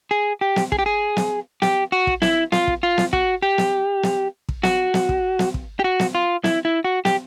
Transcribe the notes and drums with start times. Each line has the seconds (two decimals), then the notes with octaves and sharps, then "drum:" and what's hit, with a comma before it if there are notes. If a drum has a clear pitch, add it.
0.11 G#4
0.41 G4
0.56 drum: snare
0.72 G#4, drum: kick
0.79 G4
0.86 G#4
1.17 drum: snare
1.62 G4, drum: snare
1.92 F#4
2.07 drum: kick
2.22 E4, drum: snare
2.52 F4, drum: snare
2.67 drum: kick
2.83 F4
2.98 drum: snare
3.13 F#4, drum: kick
3.42 G4
3.58 drum: snare
4.03 drum: snare
4.49 drum: kick
4.63 F#4, drum: snare
4.94 drum: snare
5.09 drum: kick
5.39 drum: snare
5.54 drum: kick
5.79 G4
5.84 F#4
5.99 drum: snare
6.15 F4
6.44 E4, drum: snare
6.65 E4
6.84 F#4
7.05 G4, drum: snare